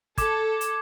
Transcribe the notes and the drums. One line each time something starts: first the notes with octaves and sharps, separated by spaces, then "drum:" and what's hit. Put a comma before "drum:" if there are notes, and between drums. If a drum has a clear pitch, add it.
A4 D6 G#6, drum: kick, hi-hat
drum: hi-hat